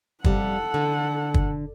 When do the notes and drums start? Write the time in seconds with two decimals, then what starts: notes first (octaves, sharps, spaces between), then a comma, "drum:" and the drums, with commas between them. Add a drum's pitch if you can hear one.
0.24 F2 C3 G3 A4 F#5, drum: kick
0.74 D3
1.34 drum: kick